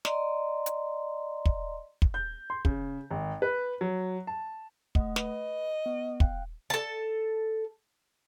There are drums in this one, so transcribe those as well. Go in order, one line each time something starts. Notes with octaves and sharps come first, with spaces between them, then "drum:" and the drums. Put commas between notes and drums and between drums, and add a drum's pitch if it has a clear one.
D5 D#5 A#5 C6, drum: snare
drum: hi-hat
drum: kick
drum: kick
G6
C6
C#3, drum: kick
G#1
B4
F#3
A5
A3 D#5 F#5, drum: kick
B4 D#5, drum: snare
B3
F5 G5 F#6, drum: kick
A4 A5